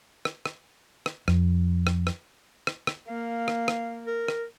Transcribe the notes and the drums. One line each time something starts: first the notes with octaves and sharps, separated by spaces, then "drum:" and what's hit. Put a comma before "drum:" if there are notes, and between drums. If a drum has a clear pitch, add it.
drum: rim click
drum: rim click
drum: rim click
F2, drum: rim click
drum: rim click
drum: rim click
drum: rim click
drum: rim click
A#3 F5
drum: rim click
drum: rim click
A#4
drum: rim click